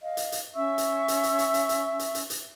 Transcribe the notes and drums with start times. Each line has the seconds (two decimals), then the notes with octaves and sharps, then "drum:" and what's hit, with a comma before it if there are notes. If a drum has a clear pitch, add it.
0.02 D#5 F5
0.17 drum: hi-hat
0.32 drum: hi-hat
0.54 C#4 E5 C#6 E6
0.78 drum: hi-hat
1.08 drum: hi-hat
1.23 drum: hi-hat
1.39 drum: hi-hat
1.54 drum: hi-hat
1.69 drum: hi-hat
1.99 drum: hi-hat
2.15 drum: hi-hat
2.30 drum: hi-hat